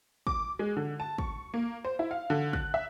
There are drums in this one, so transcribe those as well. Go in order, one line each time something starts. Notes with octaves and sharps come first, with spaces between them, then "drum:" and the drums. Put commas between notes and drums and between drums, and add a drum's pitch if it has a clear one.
D6, drum: kick
G#3
D3
A5
C#6, drum: kick
A#3
C5
E4
F5
D3
F#6, drum: kick
E5